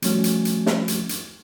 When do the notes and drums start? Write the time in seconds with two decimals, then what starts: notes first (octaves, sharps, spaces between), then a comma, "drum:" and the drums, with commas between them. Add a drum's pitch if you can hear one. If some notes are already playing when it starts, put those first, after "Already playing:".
0.02 F3 G3 A3 C#4 F#4, drum: hi-hat
0.24 drum: hi-hat
0.45 drum: hi-hat
0.66 drum: snare
0.88 drum: hi-hat
1.09 drum: hi-hat